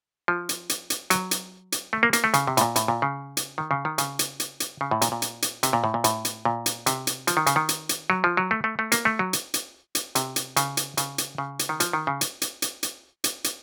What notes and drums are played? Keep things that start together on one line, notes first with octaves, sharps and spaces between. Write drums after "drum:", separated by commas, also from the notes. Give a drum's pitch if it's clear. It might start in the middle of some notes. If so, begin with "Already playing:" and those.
F3
drum: hi-hat
drum: hi-hat
drum: hi-hat
F#3, drum: hi-hat
drum: hi-hat
drum: hi-hat
A3
A#3
A#3, drum: hi-hat
A3
C#3, drum: hi-hat
C3
A2, drum: hi-hat
A#2
A2, drum: hi-hat
A#2
C#3
drum: hi-hat
D#3
C#3
D#3
C#3, drum: hi-hat
drum: hi-hat
drum: hi-hat
drum: hi-hat
C#3
A2
A#2, drum: hi-hat
A#2
drum: hi-hat
drum: hi-hat
C3, drum: hi-hat
A#2
A2
A#2
A2, drum: hi-hat
drum: hi-hat
A#2
drum: hi-hat
C3, drum: hi-hat
drum: hi-hat
F3, drum: hi-hat
D#3
C#3, drum: hi-hat
D#3
drum: hi-hat
drum: hi-hat
F#3
F3
F#3
A3
A3
A3
A#3, drum: hi-hat
A3
F#3
drum: hi-hat
drum: hi-hat
drum: hi-hat
C3, drum: hi-hat
drum: hi-hat
C#3, drum: hi-hat
drum: hi-hat
C#3, drum: hi-hat
drum: hi-hat
C#3
drum: hi-hat
D#3
F3, drum: hi-hat
D#3
C#3
drum: hi-hat
drum: hi-hat
drum: hi-hat
drum: hi-hat
drum: hi-hat
drum: hi-hat